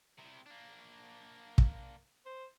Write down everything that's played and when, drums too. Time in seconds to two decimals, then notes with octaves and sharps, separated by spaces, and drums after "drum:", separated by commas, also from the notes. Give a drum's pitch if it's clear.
0.19 C3 E4
0.46 A#3 D4
1.58 drum: kick
2.26 C5